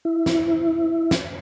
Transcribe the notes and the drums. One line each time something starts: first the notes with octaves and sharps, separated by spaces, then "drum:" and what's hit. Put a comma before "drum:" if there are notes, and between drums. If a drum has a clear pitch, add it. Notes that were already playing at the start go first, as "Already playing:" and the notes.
E4
drum: snare
drum: snare